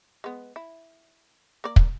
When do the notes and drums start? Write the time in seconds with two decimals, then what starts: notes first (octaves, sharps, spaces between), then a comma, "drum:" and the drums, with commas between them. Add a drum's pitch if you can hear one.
0.24 G#3 B3
0.56 E4
1.64 A#3 A#4 D5
1.76 drum: kick